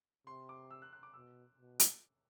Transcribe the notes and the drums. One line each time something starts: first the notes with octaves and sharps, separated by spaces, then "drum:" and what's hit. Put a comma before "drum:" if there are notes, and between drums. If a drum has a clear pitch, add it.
C3 C6
D6
E6
F#6
F#6
D6
B2 E6
B2
drum: hi-hat